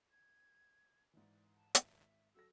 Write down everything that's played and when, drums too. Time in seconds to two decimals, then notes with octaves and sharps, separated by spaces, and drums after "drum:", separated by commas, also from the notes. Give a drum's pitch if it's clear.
0.11 G#6
1.13 G#2 E3 D5
1.56 A5
1.75 G#1 E5, drum: hi-hat
2.35 F#3 A4 E6 A#6